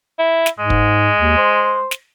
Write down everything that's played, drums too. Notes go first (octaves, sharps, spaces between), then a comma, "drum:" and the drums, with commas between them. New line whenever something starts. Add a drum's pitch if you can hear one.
E4
drum: snare
G#2 G#3
drum: kick
D#2
C5
drum: snare